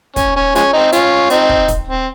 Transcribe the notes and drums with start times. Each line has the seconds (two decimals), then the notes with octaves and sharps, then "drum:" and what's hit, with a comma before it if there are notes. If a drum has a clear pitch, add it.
0.16 C#4, drum: kick, hi-hat
0.36 C#4
0.55 F3 G#3 C#4, drum: hi-hat
0.73 C4 D#4
0.92 C#4 F4, drum: hi-hat
1.30 C4 D#4, drum: hi-hat
1.49 drum: kick
1.68 drum: kick, hi-hat
1.87 C4